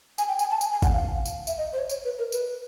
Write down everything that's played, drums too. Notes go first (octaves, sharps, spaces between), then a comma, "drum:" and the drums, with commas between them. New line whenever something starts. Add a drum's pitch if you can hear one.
G#5, drum: tambourine
G5
G#5, drum: tambourine
A5
G#5, drum: tambourine
G#5
F#5, drum: kick G#1, tambourine
F5
drum: tambourine
E5, drum: tambourine
D#5
C5
C#5
C#5, drum: tambourine
B4
A#4
B4, drum: tambourine